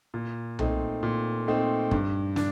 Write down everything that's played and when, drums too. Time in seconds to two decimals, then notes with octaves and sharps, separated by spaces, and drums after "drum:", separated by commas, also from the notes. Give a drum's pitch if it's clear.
0.14 A#2
0.59 A3 C4 D#4, drum: tom B1
1.03 A#2
1.47 A3 C4 D#4
1.91 G2, drum: kick
2.36 D4, drum: snare